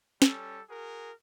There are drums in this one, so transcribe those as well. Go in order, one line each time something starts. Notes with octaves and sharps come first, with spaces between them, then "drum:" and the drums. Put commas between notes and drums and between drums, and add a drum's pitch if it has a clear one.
G3 C#4 A4, drum: snare
F#4 G#4 A#4